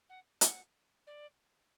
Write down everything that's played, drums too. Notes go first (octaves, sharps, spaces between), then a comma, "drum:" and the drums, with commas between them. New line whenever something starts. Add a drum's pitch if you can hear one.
F#5
F#5, drum: hi-hat
D5